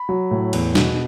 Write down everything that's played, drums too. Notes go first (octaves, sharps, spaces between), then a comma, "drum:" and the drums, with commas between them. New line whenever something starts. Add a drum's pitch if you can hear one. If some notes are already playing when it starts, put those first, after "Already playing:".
Already playing: B5
F#3
A2
E2, drum: cymbal
B2, drum: snare